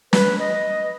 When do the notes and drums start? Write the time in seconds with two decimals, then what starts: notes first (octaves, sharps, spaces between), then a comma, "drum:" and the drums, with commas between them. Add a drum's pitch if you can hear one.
0.13 B4, drum: snare
0.39 D#5